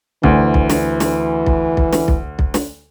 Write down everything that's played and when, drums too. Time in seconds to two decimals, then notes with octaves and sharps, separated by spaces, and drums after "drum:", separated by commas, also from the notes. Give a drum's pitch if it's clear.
0.23 D2 E3, drum: kick B1
0.54 drum: kick B1
0.70 drum: snare
1.00 drum: snare
1.46 drum: kick B1
1.77 drum: kick B1
1.93 drum: snare
2.08 drum: kick B1
2.39 drum: kick B1
2.54 drum: snare